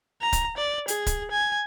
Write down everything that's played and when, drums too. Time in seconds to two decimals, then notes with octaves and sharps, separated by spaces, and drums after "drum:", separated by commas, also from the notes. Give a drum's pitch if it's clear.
0.22 A#5
0.33 drum: kick C#1, hi-hat
0.57 D5
0.88 G#4, drum: hi-hat
1.06 drum: kick C#1, hi-hat
1.31 G#5